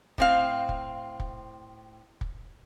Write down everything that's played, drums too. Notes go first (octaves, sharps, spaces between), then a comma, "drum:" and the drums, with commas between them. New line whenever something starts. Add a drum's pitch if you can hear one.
A2 C4 F5, drum: kick
drum: kick
drum: kick
drum: kick